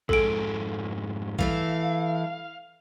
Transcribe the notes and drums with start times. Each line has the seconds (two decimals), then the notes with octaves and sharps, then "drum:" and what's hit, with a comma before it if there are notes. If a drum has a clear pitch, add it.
0.09 F2 G#2 G#4 A4 D7, drum: kick A#1
1.39 E3 A3 E4 F5, drum: kick A#1